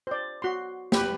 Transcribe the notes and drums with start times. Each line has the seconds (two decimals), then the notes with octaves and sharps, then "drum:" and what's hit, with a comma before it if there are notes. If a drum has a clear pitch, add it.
0.07 C5 D5
0.42 F#4 C6
0.92 G4 B4, drum: snare